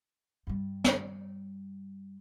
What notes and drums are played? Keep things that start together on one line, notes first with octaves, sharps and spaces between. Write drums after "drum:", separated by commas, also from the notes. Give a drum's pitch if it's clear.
G2 G3
drum: snare